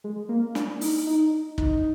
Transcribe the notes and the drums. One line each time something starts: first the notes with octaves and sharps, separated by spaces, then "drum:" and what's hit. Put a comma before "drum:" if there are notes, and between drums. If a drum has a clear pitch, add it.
G#3
A#3
D4, drum: snare
D#4, drum: open hi-hat
D#4
D#4, drum: kick